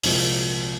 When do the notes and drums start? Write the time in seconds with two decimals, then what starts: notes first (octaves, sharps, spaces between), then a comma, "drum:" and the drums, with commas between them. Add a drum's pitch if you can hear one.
0.03 C2 A#2 F3 G#3, drum: open hi-hat